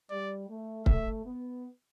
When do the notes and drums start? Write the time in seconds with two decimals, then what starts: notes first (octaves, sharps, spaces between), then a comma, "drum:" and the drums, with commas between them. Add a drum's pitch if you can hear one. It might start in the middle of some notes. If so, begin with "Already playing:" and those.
0.10 G3 D5
0.48 A3
0.86 A3 E5, drum: kick C#1
1.25 B3